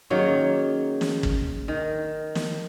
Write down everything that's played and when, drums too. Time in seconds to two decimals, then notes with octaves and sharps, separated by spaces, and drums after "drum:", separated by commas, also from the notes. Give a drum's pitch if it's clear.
0.10 D#3 F#3 A#3 C#4 G#4
1.01 drum: snare
1.23 drum: kick
1.68 D#3 A#4
2.35 drum: snare